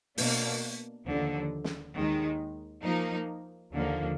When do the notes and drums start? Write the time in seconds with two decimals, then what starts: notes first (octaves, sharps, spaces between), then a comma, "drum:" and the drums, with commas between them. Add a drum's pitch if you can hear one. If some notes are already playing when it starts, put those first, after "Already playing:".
0.18 B2 A#3 D4, drum: open hi-hat
1.06 D#2 D3 F3
1.64 drum: snare
1.95 D#2 D#3 G#3
2.84 F3 A#3 D#4
3.73 D#2 D3 F3 A#3